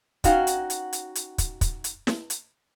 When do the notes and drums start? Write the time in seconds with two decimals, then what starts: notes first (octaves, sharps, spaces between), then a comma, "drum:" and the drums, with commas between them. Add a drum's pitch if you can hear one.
0.24 C#4 D#4 F#4 F5 G5, drum: kick, hi-hat
0.47 drum: hi-hat
0.70 drum: hi-hat
0.93 drum: hi-hat
1.15 drum: hi-hat
1.38 drum: kick, hi-hat
1.61 drum: kick, hi-hat
1.84 drum: hi-hat
2.07 drum: snare
2.30 drum: hi-hat